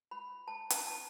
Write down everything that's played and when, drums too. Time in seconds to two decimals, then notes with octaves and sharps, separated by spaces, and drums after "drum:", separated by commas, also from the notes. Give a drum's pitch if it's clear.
0.11 B5
0.48 A5
0.70 A5, drum: hi-hat
0.87 A5